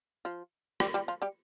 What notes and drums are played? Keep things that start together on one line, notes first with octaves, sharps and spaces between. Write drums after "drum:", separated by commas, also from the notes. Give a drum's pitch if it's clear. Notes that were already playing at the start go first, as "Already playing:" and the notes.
F3 F4
G3 G4, drum: rim click
G3 G4
F3 F4
G3 G4